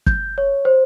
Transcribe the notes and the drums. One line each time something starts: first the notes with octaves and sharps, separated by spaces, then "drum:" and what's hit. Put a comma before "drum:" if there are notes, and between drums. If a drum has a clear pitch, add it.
G6, drum: kick
C#5
C5